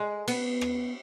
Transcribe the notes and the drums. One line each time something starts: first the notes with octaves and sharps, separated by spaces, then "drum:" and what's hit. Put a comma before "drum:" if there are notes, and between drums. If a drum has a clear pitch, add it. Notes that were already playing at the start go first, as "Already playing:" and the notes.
Already playing: G#3
B3, drum: cymbal
drum: rim click